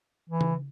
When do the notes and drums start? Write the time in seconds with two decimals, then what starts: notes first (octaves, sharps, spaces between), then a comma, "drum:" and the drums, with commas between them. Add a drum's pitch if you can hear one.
0.30 E3
0.41 drum: tom C#3